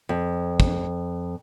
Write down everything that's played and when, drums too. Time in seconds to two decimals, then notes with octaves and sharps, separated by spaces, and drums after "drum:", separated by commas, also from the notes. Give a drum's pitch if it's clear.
0.09 F2
0.60 drum: kick